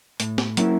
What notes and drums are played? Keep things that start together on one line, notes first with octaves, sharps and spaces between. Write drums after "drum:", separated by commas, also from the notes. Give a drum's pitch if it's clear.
A2, drum: hi-hat
drum: snare
F#3 A#3 C#4 E4, drum: hi-hat